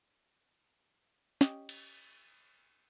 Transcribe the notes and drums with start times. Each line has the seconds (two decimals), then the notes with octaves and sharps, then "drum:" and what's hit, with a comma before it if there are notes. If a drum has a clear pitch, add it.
1.41 C#4 G4 D#5, drum: snare
1.69 drum: cymbal